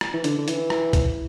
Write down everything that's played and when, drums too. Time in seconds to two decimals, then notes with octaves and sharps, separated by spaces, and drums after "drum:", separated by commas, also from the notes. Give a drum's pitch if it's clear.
0.01 drum: rim click
0.13 E3
0.24 D3, drum: hi-hat
0.38 D3
0.48 E3, drum: hi-hat
0.70 drum: rim click
0.93 drum: kick C2, hi-hat